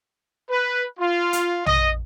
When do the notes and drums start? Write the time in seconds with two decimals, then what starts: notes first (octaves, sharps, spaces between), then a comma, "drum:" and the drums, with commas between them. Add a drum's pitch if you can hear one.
0.50 B4
1.00 F4
1.33 drum: hi-hat
1.66 D#5, drum: tom